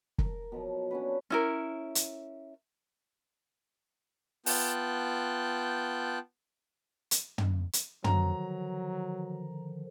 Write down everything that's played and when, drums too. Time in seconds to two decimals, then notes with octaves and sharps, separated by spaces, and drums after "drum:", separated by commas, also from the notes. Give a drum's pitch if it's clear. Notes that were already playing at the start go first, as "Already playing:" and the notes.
0.18 A#4, drum: kick
0.52 B2 F3 F#3
0.91 C#4 D4 F#4 B4
1.30 C#4 E4 A#4
1.95 drum: hi-hat
4.46 B3 F4 G5 A5 F#6 G6, drum: open hi-hat
7.11 drum: hi-hat
7.38 drum: tom
7.73 drum: hi-hat
8.04 D3 D#3 F3 F#3 A#5, drum: tom